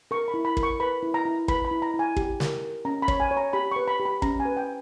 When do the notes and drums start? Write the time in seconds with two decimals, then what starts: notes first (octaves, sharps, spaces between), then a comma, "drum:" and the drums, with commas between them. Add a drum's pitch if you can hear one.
0.11 A#4 C#6
0.28 B5
0.34 E4
0.45 B5
0.57 A#4, drum: kick
0.63 C#6
0.80 B4 B5
1.03 E4
1.14 A#5
1.25 E4
1.48 B4 B5, drum: kick
1.65 B5
1.71 E4
1.82 A#5
1.94 E4
1.99 G#5
2.16 G4, drum: kick
2.40 A#4, drum: snare
2.62 A#4
2.85 C#4 A#5
3.02 B5
3.08 C#5, drum: kick
3.20 G#5
3.31 C#5
3.37 A#5
3.53 G4 B5
3.72 B4 C#6
3.88 B5
4.00 G4
4.05 B5
4.22 C#4 A#5, drum: kick
4.40 G#5
4.45 B4
4.57 G5